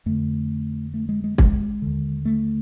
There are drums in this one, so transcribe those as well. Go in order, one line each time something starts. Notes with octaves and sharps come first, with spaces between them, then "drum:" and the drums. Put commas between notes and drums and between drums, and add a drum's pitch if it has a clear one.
F2 D3 A3
A3
G#3
G#3
G#3, drum: kick
D#2 D3
A3